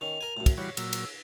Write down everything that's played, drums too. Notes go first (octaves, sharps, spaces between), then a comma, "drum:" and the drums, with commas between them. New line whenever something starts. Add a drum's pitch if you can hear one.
D#3 C#4 F7
A#4 G#5
F#2 A2
drum: kick, cymbal
E3 G3 F#4 C#5 F5
A#2 F#3 E6, drum: cymbal
drum: cymbal